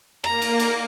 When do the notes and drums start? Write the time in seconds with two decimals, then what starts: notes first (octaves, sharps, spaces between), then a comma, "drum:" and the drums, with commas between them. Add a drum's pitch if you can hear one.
0.24 A#3 A#5, drum: rim click
0.42 drum: cymbal
0.60 drum: cymbal